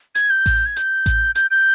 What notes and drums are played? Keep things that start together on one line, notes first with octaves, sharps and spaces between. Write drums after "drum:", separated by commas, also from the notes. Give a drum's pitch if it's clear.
G#6, drum: hi-hat
G6
drum: kick A1, open hi-hat
G#6
G6, drum: hi-hat
drum: kick A1, hi-hat
G6, drum: hi-hat
G6